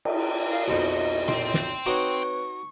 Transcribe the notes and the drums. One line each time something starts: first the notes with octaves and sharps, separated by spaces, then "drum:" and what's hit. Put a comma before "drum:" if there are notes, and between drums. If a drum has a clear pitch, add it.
G5, drum: cymbal
F5
B1 F2 D#5
G5 C6, drum: tom A#2
drum: snare
C4 D#4 F#4 B4 C#5 C#6 D6